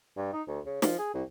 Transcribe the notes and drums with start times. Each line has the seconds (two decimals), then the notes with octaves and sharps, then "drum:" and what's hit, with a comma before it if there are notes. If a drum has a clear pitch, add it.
0.17 G2
0.33 D#4
0.48 D2
0.66 C#3
0.82 F3, drum: snare
0.99 G#4
1.14 C2